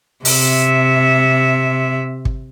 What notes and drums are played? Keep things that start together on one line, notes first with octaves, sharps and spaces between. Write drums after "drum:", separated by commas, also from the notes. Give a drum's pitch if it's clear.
C3 E5, drum: open hi-hat
drum: kick